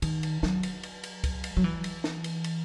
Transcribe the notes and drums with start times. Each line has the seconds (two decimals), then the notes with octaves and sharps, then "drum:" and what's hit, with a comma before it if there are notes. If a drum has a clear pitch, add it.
0.02 D#3, drum: cymbal
0.23 drum: cymbal
0.43 F#3, drum: snare
0.63 drum: cymbal
0.83 drum: cymbal
1.03 drum: cymbal
1.24 drum: kick, cymbal
1.44 drum: cymbal
1.57 F#3
1.64 E3
1.84 drum: cymbal
2.04 drum: snare
2.24 drum: cymbal
2.44 drum: cymbal